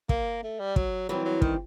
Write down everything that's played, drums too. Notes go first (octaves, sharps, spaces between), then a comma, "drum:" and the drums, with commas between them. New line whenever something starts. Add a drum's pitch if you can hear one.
A#3, drum: kick
A3
G3
F#3, drum: kick
E3 F#3 G3 C4
F#3
D#3, drum: kick